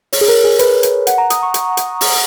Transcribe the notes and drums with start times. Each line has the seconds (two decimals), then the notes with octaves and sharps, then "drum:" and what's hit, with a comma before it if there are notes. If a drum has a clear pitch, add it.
0.13 C#5, drum: open hi-hat
0.21 G#4
0.28 A#4
0.44 G#4
0.59 B4, drum: hi-hat
0.83 drum: hi-hat
1.07 F#5, drum: hi-hat
1.18 A#5
1.30 D#6, drum: hi-hat
1.42 C#6
1.54 C#6, drum: hi-hat
1.77 drum: hi-hat
2.01 drum: open hi-hat